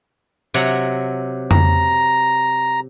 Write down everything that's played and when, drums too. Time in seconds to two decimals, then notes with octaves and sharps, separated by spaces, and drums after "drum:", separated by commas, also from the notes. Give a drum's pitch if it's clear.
0.54 C3 F#3 F#5
1.51 A#5, drum: tom F2